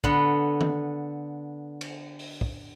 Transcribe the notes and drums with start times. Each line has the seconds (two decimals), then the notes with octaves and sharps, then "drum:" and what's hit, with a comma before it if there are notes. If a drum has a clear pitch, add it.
0.04 D3 B3, drum: kick
0.61 drum: tom D#3
1.81 drum: cymbal
2.19 drum: open hi-hat
2.41 drum: kick